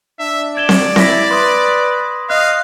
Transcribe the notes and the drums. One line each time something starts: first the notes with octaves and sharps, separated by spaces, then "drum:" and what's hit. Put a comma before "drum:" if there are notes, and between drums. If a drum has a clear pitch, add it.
D4 E5
D5 G#6 E7 G7
drum: snare C4
E4 A#6 B6, drum: snare C4
B4 C6 D#6
D#5 F5 F#6